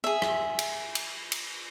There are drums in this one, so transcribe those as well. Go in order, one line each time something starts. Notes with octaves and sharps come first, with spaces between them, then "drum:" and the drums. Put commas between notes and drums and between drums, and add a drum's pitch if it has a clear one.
G#4 E5
drum: rim click
drum: cymbal
drum: cymbal
drum: cymbal